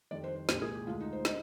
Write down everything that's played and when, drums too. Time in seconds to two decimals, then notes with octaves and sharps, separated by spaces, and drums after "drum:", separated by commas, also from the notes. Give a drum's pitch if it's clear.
0.11 F2 D#3 G3 D5
0.24 C5
0.36 C5
0.49 C2 A#2 G#3 G4, drum: snare
0.62 G#4
0.75 G4
0.87 D2 D3 G#3 F4
1.00 D#4
1.13 C5
1.25 D#5, drum: snare